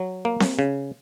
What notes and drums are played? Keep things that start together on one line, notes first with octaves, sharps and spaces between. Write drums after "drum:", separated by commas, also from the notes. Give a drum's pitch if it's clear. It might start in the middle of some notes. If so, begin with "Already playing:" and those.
Already playing: F#3
A#3
drum: snare C4
C#3